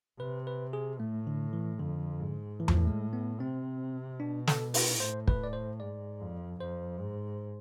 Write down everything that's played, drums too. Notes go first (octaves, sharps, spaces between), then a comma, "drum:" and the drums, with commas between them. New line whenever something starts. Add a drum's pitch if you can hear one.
C3 B4
B4
G#4
A2 A3
D3
E3
F2 D3
G#2
A2 E3
F3, drum: tom E2
E3
G#3
B3
C3 C4
B2 D4
A4, drum: snare
B4, drum: open hi-hat
A2 C5
B4, drum: kick
D5
C5
G#2 D5
F2
F2 C5
G#2